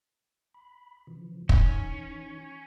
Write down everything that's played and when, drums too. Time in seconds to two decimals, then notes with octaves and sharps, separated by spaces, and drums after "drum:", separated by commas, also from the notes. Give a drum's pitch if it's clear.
0.54 B5
1.07 C#3 E3 F3
1.49 E3 C#4 D#4, drum: kick